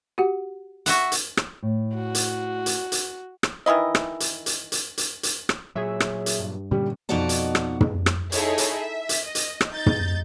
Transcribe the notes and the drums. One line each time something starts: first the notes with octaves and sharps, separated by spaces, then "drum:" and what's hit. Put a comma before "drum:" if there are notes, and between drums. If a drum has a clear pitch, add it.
F#4 G4 F#5
F#4 E5 F#5, drum: hi-hat
drum: hi-hat
drum: rim click
A2
F#4
drum: hi-hat
drum: hi-hat
drum: hi-hat
drum: rim click
D#3 E3 E4 D#5
drum: rim click
drum: hi-hat
drum: hi-hat
drum: hi-hat
drum: hi-hat
drum: hi-hat
drum: rim click
A#2 F#3 G#4 C#5 E5
drum: rim click
drum: hi-hat
G2
A#2 D3 G3 C#4
F2 B2 D#4 F#4 D5 A5
drum: hi-hat
drum: rim click
drum: tom
drum: rim click
D#4 E4 G#4 A4 C#5, drum: hi-hat
drum: hi-hat
E5
drum: hi-hat
D#5
drum: hi-hat
drum: rim click
D#4 G6 A6
drum: tom